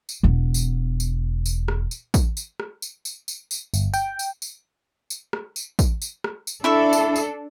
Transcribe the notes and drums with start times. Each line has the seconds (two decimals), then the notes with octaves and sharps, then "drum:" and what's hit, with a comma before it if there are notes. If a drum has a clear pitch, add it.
0.09 drum: tambourine
0.23 E1 B3
0.54 drum: tambourine
1.00 drum: tambourine
1.46 drum: tambourine
1.68 drum: rim click
1.91 drum: tambourine
2.14 drum: kick, tambourine
2.37 drum: tambourine
2.60 drum: rim click
2.82 drum: tambourine
3.05 drum: tambourine
3.28 drum: tambourine
3.51 drum: tambourine
3.74 G1, drum: tambourine
3.94 G5, drum: tambourine
4.19 drum: tambourine
4.42 drum: tambourine
5.10 drum: tambourine
5.33 drum: rim click
5.56 drum: tambourine
5.79 drum: kick, tambourine
6.02 drum: tambourine
6.24 drum: rim click
6.47 drum: tambourine
6.64 D4 E4 A4 E5 C#6
6.93 drum: tambourine
7.16 drum: tambourine